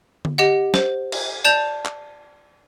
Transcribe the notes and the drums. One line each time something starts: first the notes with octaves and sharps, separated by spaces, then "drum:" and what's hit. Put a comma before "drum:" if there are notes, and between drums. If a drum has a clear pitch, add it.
drum: tom D3
G4 D#5 F#5
C5, drum: snare
drum: cymbal
D5 A5 G6 F7
drum: clap